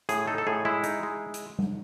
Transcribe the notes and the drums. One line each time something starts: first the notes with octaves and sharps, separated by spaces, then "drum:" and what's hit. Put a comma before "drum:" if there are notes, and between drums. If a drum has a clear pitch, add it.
A2 G#4, drum: hi-hat
D#4 A4
A4
A2 G#4
G#3 E4
D#4, drum: hi-hat
G#3
drum: hi-hat
drum: tom G3